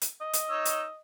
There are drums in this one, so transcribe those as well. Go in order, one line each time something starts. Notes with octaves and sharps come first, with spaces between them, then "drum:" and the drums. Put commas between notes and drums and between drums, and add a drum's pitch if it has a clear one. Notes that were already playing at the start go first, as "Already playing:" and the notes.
drum: hi-hat
D#5
drum: hi-hat
D#4 C#5 E6
drum: hi-hat